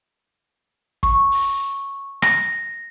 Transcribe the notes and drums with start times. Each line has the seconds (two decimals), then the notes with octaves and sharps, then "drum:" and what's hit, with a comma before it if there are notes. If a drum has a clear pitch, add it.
1.03 C#6, drum: kick
1.32 drum: open hi-hat
2.22 A#6, drum: rim click